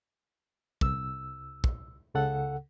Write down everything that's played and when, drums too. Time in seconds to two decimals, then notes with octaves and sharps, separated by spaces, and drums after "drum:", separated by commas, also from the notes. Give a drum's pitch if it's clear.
0.81 C2 E6, drum: kick
1.64 drum: kick
2.14 C#2 C#3 A4 F#5